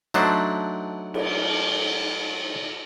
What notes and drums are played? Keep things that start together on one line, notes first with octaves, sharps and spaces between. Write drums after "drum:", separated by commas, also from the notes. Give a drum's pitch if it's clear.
F#3 A3 D4 D#4 C5, drum: cymbal
drum: cymbal